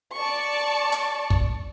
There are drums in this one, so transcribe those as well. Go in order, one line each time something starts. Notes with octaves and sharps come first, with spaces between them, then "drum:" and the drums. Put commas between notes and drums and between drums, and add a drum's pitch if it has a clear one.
D5 A5 C#6
drum: hi-hat
drum: kick